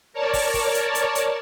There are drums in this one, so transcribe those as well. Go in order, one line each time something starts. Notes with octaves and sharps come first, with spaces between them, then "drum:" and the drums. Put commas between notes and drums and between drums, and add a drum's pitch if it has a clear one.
A#4 C#5 D5 A5
drum: kick, open hi-hat
drum: kick, open hi-hat
drum: hi-hat
drum: hi-hat
drum: hi-hat